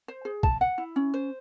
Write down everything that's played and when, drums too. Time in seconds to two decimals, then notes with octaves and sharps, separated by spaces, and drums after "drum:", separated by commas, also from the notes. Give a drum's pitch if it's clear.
0.08 C5
0.25 G#4
0.43 A5, drum: kick
0.61 F#5
0.78 E4
0.96 C#4
1.14 C5